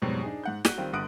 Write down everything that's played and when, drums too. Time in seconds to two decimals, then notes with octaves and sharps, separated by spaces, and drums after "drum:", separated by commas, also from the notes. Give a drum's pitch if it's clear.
0.02 F2 G#2 B2 F#3 G3
0.23 D4 D#4 G#4
0.44 G#2 F#5 G6
0.65 F#4 F#6 D#7 G7, drum: snare
0.77 D#3 G3 C4 F4
0.93 G1 D3 F#5 D#6 F#6 D7